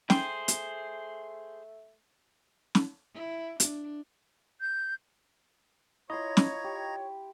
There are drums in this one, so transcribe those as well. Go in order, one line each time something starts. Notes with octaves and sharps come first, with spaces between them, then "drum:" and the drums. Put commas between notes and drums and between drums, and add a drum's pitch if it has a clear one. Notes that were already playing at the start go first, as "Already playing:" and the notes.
A3 G#4 C5 G5, drum: snare
drum: hi-hat
drum: snare
E4
D4, drum: hi-hat
G6
E4 F4 C#5 D#5 A#5 C6 G#6 A#6
drum: snare
G4